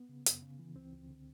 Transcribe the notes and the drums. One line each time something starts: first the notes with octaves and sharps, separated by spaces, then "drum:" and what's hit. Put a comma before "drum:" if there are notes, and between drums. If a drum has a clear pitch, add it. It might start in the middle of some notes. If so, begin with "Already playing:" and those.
Already playing: B3
C#3
F#2, drum: hi-hat
C#3
E3
C#2 C4
C#2
D3